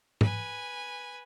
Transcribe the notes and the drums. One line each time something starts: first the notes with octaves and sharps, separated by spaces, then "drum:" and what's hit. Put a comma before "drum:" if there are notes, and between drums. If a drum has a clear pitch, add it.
B4 G#5, drum: tom